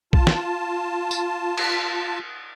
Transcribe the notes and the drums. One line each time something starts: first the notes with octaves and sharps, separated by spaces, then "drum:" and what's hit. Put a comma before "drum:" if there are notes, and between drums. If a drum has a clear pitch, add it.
F4 A5, drum: kick A#1
drum: snare
drum: tambourine
drum: cymbal